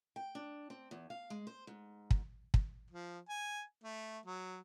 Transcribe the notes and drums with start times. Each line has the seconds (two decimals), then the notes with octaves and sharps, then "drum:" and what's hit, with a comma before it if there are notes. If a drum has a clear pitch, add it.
0.16 G5
0.35 D4
0.70 C4
0.91 E2
1.10 F5
1.30 G#3
1.47 C5
1.67 G#2
2.11 drum: kick
2.54 drum: kick
2.91 F3
3.29 G#5
3.84 A3
4.26 F#3